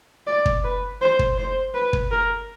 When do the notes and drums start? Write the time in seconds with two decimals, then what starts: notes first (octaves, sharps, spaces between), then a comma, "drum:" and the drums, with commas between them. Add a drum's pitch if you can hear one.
0.27 D5
0.46 drum: kick
0.64 B4
1.01 C5
1.19 drum: kick
1.37 C5
1.74 B4
1.93 drum: kick
2.11 A#4